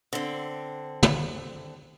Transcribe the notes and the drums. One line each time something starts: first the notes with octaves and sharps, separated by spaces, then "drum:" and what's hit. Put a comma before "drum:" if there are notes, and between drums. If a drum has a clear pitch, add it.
D3 C4
drum: tom